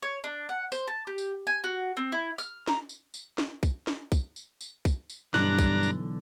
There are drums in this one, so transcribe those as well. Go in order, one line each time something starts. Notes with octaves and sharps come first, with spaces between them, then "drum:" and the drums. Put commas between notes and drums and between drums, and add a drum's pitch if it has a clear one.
C#5
D4
F#5
C5, drum: tambourine
A5
G4
drum: tambourine
G#5
F#4
C4
E4
F6, drum: tambourine
A#5, drum: snare
drum: tambourine
drum: tambourine
drum: snare
drum: kick, tambourine
drum: snare
drum: kick, tambourine
drum: tambourine
drum: tambourine
drum: kick, tambourine
drum: tambourine
B1 G2 D3 E3 D4 A#5 F#6, drum: snare
drum: kick, tambourine
drum: tambourine